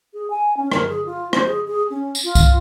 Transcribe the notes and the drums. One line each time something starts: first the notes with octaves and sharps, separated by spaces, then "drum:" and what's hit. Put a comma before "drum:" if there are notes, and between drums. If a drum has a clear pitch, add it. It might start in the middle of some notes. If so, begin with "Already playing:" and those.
G#4
G#5
C#4
A#4, drum: rim click
G#4
F4
C5, drum: rim click
G#4
G#4
C#4
drum: tambourine
F4
drum: kick C2, tambourine